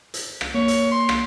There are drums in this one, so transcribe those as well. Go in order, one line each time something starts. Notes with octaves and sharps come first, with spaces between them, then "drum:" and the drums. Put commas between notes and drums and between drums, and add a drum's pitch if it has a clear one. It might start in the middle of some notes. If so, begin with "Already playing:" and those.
drum: hi-hat
drum: rim click
A#3 C#5
drum: hi-hat
C6
drum: rim click